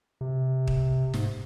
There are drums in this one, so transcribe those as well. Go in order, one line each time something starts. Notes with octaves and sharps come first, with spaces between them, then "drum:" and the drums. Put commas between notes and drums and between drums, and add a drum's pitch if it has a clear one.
C3
drum: kick
G#2, drum: snare